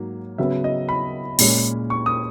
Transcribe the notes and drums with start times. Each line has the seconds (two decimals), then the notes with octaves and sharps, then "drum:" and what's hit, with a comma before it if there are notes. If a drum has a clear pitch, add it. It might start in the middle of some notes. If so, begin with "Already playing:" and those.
Already playing: G#2 F#3 A#3
0.38 C#3 F#3 B3 E5
0.64 D#5
0.89 B5
1.39 A#2 G#3 C#4, drum: open hi-hat
1.90 C#6
2.06 D#6